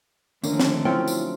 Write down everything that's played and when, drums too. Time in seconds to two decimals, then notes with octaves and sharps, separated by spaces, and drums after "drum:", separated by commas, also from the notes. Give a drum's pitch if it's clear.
0.44 D#2 D3 F3 A3 C#4 D4 A#4, drum: tambourine
0.60 drum: snare
0.85 F#3 C4 C#4 E4 F4 G5
1.08 drum: tambourine